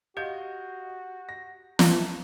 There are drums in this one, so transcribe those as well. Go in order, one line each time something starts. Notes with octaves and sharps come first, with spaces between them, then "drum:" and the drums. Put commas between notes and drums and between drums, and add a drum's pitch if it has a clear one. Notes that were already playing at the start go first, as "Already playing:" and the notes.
F#4 G4 D#5 F5 G6
A#6
A5, drum: snare